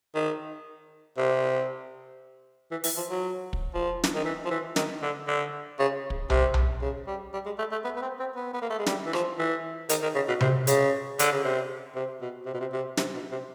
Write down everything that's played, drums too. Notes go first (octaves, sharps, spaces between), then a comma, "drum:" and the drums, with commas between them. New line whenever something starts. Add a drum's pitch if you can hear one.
D#3
C3
E3
E3, drum: open hi-hat
F3
F#3
drum: kick
F3
drum: snare
D#3
E3
F3
E3
D#3, drum: snare
D3
D3
C#3
drum: kick
C3, drum: tom B1
drum: tom B1
C#3
G3
G3
G#3
A3
A3
B3
B3
C4
C4
B3
B3
A#3
A3
G#3
G3, drum: snare
E3
F3, drum: rim click
E3
D#3, drum: hi-hat
D#3
C#3
B2
C3, drum: tom C3
C#3, drum: hi-hat
D3, drum: hi-hat
C#3
C3
C3
B2
C3
B2
C3
C3
C3, drum: snare
B2
C3